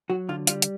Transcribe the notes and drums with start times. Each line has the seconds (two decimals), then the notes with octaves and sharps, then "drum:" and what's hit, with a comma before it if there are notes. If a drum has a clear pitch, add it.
0.10 F#3 F#4
0.29 D3 F4
0.47 G3 F4, drum: hi-hat
0.62 drum: hi-hat